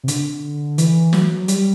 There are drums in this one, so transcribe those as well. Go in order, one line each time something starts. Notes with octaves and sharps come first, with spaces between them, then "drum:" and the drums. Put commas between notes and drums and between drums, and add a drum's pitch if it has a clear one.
C3
D3, drum: hi-hat
E3, drum: hi-hat
F#3, drum: snare
G3, drum: hi-hat